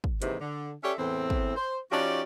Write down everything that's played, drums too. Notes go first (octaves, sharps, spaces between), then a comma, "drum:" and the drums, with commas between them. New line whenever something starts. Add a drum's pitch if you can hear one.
drum: kick
D#2 G#2 C3 D#3 E3, drum: hi-hat
D3
C#4 G4 A4 C#5 D5 E5
E2 A2 E3 C4
drum: kick
C5
F3 C#4 D#4 F#4 G4 D5